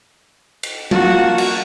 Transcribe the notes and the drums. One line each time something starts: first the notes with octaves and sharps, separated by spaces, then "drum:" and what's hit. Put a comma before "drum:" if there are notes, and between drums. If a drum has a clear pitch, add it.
drum: cymbal
A#3 F4 F#4 A5, drum: tom F#3
drum: cymbal